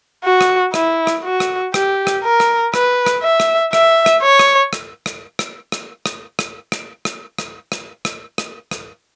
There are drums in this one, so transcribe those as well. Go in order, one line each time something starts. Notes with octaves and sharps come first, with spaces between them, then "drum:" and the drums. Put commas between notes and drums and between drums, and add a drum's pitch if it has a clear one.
F#4
drum: rim click
E4, drum: rim click
drum: rim click
F#4
drum: rim click
G4, drum: rim click
drum: rim click
A#4
drum: rim click
B4, drum: rim click
drum: rim click
E5
drum: rim click
E5, drum: rim click
drum: rim click
C#5
drum: rim click
drum: rim click
drum: rim click
drum: rim click
drum: rim click
drum: rim click
drum: rim click
drum: rim click
drum: rim click
drum: rim click
drum: rim click
drum: rim click
drum: rim click
drum: rim click